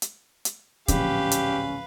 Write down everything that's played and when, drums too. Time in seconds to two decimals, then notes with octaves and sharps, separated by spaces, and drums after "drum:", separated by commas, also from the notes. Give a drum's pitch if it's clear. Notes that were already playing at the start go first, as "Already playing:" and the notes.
0.02 drum: hi-hat
0.45 drum: hi-hat
0.88 D1 A#1 C#4 G4 B4 F5, drum: kick, hi-hat
1.31 drum: hi-hat